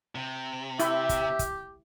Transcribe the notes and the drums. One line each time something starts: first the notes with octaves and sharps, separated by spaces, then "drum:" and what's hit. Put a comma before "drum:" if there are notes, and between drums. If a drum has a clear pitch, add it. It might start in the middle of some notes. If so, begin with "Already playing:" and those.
C3
E4 G4 E5, drum: hi-hat
drum: kick, hi-hat
drum: kick, hi-hat